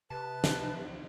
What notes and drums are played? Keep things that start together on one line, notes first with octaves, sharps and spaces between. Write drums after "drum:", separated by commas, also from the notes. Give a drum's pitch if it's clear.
C3 B4 A5
drum: snare